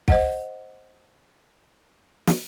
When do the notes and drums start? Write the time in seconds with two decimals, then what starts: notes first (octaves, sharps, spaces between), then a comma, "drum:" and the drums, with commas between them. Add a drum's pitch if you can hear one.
0.08 C5 D#5 F#5, drum: kick
2.27 drum: snare